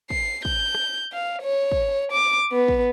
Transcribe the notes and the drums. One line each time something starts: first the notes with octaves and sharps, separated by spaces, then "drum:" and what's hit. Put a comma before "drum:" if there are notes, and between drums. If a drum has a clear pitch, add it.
C7, drum: kick
G6, drum: kick
drum: rim click
F5
C#5
drum: kick
D6
B3
drum: kick